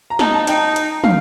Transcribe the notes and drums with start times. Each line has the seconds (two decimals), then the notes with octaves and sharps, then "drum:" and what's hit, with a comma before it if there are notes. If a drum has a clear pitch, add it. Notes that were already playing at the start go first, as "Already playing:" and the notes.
0.10 A#5
0.19 D#4 A5, drum: snare
0.34 A5
0.47 D#4 G5, drum: hi-hat
0.76 drum: hi-hat
1.04 F5, drum: tom